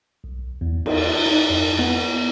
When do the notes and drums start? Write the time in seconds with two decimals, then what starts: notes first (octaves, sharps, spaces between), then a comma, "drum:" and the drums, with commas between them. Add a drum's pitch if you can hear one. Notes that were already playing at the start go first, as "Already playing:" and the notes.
0.24 B1
0.61 E2
0.86 D#4, drum: cymbal
1.26 D#4
1.50 F2
1.79 B3